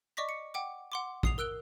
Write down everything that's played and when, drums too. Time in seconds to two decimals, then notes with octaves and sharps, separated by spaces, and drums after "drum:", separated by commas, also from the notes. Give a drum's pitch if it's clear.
0.17 D5 D#5 C#6 D6 A#6 B6
0.29 C#7
0.54 F#5 G5 D6
0.92 F#5 C6 D6
1.23 D#6 C7 F7, drum: kick
1.38 A#4 E6 F#6 D7 G7